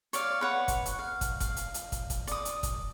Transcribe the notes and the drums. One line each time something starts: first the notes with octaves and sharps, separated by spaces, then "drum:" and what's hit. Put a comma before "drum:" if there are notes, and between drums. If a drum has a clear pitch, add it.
C#5 D5 F5, drum: hi-hat
B4 C#5 F#5
drum: kick, hi-hat
drum: hi-hat
F5
drum: kick, hi-hat
F5, drum: kick, hi-hat
drum: hi-hat
drum: hi-hat
drum: kick, hi-hat
drum: kick, hi-hat
D5 D#6, drum: hi-hat
drum: hi-hat
drum: kick, hi-hat